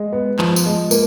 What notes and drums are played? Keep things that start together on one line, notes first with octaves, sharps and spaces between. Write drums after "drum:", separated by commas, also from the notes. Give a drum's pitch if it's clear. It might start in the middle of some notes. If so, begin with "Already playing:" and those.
Already playing: G#3
B3
F3, drum: clap
drum: tambourine
G#3
A#3, drum: tambourine